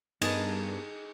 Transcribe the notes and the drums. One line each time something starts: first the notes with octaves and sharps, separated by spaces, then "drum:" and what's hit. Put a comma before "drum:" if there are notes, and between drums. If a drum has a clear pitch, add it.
G2 B3 D#4 G#4 A#4 B4 A5, drum: cymbal